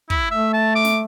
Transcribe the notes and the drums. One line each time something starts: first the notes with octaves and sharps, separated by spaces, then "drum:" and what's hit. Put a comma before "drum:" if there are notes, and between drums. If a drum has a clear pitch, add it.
E4, drum: kick
A3 E5
A5
D6
drum: snare